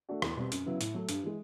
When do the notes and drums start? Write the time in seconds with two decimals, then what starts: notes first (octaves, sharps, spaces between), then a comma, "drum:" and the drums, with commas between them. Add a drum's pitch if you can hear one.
0.09 A3 D4 F#4
0.22 E2, drum: rim click
0.36 B2 G3 C4
0.52 F#2, drum: hi-hat
0.66 C#3 F#3 B3 E4
0.81 A2, drum: hi-hat
0.94 F#3 A3
1.09 G2, drum: hi-hat
1.23 E3 G#3